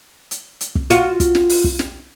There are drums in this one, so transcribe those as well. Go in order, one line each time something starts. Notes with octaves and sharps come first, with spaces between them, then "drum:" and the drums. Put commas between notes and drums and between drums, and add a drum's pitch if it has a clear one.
drum: hi-hat
drum: hi-hat
drum: kick
F4 F#4, drum: hi-hat
drum: kick, hi-hat
drum: snare
drum: open hi-hat
drum: kick
drum: snare